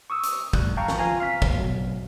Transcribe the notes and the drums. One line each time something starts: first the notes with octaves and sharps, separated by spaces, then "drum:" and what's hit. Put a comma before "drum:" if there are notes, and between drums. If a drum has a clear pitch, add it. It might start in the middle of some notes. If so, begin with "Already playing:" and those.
C#6 D#6 E6
drum: hi-hat
A2 G3 F#6, drum: kick
F5 G5 A5 A#5 C#6
drum: snare
F4 F5 G#5 A#5
F5 F6 B6
drum: kick
B2 F#3